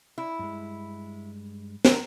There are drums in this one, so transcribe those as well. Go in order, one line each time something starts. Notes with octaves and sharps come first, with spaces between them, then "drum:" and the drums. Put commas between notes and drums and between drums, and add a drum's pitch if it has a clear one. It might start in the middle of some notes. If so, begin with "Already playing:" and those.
E4
G2 G#3
A#4, drum: snare